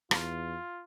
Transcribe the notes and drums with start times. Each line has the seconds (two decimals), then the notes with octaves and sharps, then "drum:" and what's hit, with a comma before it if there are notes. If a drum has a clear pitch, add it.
0.11 E2 F4, drum: rim click